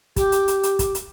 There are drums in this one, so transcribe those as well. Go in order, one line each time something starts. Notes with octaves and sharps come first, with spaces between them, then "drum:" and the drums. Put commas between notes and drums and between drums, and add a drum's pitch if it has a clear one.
G4, drum: kick, hi-hat
drum: hi-hat
drum: hi-hat
drum: hi-hat
drum: kick, hi-hat
drum: hi-hat